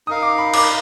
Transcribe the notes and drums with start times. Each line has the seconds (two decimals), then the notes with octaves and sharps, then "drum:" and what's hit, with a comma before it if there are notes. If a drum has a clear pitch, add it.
0.07 D#4 A#4 F5 D#6
0.23 D6
0.38 B5
0.54 D6, drum: cymbal